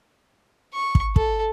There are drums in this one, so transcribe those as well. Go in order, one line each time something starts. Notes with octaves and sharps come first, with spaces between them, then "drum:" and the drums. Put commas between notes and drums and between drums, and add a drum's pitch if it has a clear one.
C#6
drum: kick
A4, drum: kick